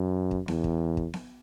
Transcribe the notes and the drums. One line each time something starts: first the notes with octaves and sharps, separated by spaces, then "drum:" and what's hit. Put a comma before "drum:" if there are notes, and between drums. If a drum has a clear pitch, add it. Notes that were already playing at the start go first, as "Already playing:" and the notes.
Already playing: F#2
drum: kick
E2, drum: snare B3
drum: kick
drum: kick
drum: snare B3